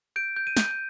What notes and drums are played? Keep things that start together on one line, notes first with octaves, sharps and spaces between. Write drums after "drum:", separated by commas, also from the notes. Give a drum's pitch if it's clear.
G6 D7
G6
D#7
G6, drum: snare